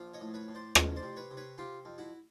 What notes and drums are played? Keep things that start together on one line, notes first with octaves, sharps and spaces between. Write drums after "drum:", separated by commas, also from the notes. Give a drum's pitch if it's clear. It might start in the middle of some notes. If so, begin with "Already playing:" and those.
Already playing: A#1 F3
C#5 D#5
A2
B4 C#5
A2
C5 D5
F2 C#5 D#5, drum: rim click
C5 D5
C3
B4 C#5
C3
B4 C#5
C3 F4 G4
F2
E4 F#4